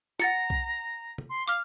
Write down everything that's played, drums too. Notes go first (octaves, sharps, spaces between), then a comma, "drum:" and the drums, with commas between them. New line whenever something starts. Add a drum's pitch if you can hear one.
F#5 A#5 A6 C#7, drum: snare
drum: kick B1
drum: tom
C6
F5 D6 F6